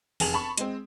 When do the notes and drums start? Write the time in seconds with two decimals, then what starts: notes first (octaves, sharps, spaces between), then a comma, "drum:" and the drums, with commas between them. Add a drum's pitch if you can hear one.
0.20 F1 G#4 A5 F7 F#7, drum: open hi-hat
0.34 A5 B5 C#6
0.58 G#3 C4, drum: hi-hat